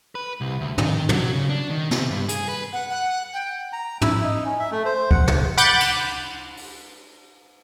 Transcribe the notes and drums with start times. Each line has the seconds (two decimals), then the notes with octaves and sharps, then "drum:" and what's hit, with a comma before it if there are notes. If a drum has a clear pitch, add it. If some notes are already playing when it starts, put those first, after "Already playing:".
0.15 B4
0.41 C2
0.61 D2
0.78 D#3, drum: tom
1.09 F#3, drum: tom
1.33 C#3
1.49 D4
1.71 D#3
1.91 C3, drum: snare
2.11 G2
2.29 G#4, drum: hi-hat
2.49 B4
2.73 F#5
2.89 F#5
3.33 G5
3.73 A#5
4.01 E4, drum: tom
4.23 D#4
4.45 C#4
4.60 E5
4.72 A3
4.85 C5
5.11 F#5, drum: kick C#2
5.27 drum: tom
5.58 F#5 B5 D6 F#6 G6 A6
5.80 drum: cymbal
6.57 drum: open hi-hat